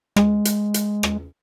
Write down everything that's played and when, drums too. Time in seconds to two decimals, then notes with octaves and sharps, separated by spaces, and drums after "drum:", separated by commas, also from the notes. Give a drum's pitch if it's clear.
0.16 G#3, drum: rim click
0.45 drum: hi-hat
0.74 drum: hi-hat
1.03 drum: rim click